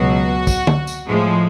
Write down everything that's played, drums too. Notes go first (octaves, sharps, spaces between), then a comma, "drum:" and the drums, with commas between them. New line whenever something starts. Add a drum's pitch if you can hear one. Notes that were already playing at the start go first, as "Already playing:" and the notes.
Already playing: C#2 B2 F#3 F#4
drum: kick, tambourine
drum: tom D3
drum: tambourine
A2 F3 G#3